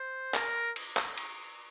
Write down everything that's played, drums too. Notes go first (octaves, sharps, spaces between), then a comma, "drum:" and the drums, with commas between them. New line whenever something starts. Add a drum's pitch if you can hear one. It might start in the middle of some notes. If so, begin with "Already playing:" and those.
Already playing: C5
A#4, drum: clap
drum: cymbal
drum: clap
drum: cymbal